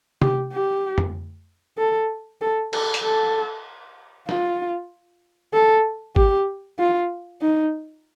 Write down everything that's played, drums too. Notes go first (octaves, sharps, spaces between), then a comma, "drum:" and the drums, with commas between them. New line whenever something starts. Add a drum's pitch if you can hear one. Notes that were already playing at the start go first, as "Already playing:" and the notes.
G4, drum: tom
G4
drum: tom F2
A4
A4
A4, drum: cymbal
drum: hi-hat
A4
F4, drum: snare
A4
G4, drum: kick G#1
F4
D#4